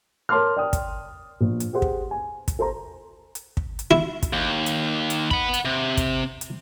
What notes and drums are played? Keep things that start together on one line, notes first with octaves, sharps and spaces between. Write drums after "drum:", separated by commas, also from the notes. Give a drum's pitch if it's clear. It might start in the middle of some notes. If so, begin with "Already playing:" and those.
A#4 C#5 A5 C6 D6 F6
D5 G5 D#6
drum: kick, hi-hat
A#1
drum: hi-hat
G4 G#4 C5 F#5
drum: kick
G#5
drum: kick, hi-hat
A4 C5 A#5
drum: hi-hat
drum: kick
drum: hi-hat
E4
drum: kick, hi-hat
D#2
drum: hi-hat
drum: hi-hat
F#5 B5, drum: kick
drum: hi-hat
C3
drum: kick, hi-hat
drum: hi-hat